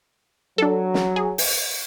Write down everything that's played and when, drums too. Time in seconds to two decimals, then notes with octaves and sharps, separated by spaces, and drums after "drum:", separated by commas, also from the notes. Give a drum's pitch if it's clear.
0.58 F#3 D4 A4
0.94 drum: snare
1.16 G#4
1.38 drum: open hi-hat